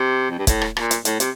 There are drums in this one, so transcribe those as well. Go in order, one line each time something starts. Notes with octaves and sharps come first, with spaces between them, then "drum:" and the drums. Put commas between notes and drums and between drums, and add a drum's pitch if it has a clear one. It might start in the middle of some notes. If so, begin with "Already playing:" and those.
Already playing: C3
F2
G2
A2, drum: kick, hi-hat
drum: rim click
A#2, drum: rim click
drum: hi-hat
A2, drum: hi-hat
C3, drum: hi-hat